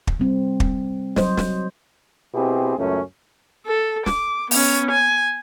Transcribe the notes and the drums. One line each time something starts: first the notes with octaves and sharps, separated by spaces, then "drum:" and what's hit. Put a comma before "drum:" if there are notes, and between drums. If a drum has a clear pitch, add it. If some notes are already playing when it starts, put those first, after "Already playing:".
drum: kick
G3 C4
drum: kick
F#3 C5 D#5, drum: snare
drum: snare
B2 C4 E4 G4 G#4
C#2 F#2 A3 C#4
A4
D6, drum: snare
B3 C#4, drum: open hi-hat
G#5